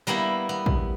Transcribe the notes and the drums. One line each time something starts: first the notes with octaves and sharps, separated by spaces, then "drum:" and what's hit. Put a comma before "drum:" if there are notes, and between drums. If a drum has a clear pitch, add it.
G3 A#3 B3 E4
B3
drum: kick